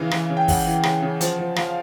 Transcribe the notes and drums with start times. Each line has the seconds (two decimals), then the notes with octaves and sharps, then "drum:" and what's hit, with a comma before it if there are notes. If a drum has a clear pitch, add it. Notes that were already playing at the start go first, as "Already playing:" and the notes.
Already playing: C#3 E3 F5
0.11 E3, drum: rim click
0.30 C#3
0.37 G5
0.48 C#3 F#5, drum: kick, open hi-hat
0.66 E3
0.83 C#3, drum: rim click
1.02 C#3
1.21 F3, drum: hi-hat
1.39 F3
1.56 F3 F5, drum: rim click